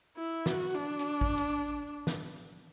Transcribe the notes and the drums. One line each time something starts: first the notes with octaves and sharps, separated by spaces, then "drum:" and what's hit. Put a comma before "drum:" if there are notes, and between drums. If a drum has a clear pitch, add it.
E4
F#4, drum: snare
D4
drum: hi-hat
drum: kick A1
drum: hi-hat
drum: snare